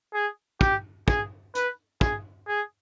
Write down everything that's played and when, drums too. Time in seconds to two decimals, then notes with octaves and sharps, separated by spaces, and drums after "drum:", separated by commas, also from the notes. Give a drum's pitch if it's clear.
0.14 G#4
0.61 G4, drum: kick
1.08 G#4, drum: kick
1.55 B4, drum: hi-hat
2.01 G#4, drum: kick
2.48 G#4